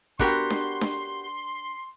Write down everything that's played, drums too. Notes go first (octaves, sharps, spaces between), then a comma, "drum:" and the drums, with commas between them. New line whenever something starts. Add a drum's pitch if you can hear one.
B3 D4 F#4 G4 A#4 C6, drum: kick
drum: snare D4
drum: snare D4